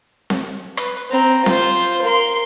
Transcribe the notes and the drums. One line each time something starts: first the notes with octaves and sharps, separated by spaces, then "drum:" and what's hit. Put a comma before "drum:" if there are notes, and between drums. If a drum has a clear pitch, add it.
drum: snare C4
B4, drum: rim click
C4 A#5
F4 C5, drum: snare C4
A#4 C6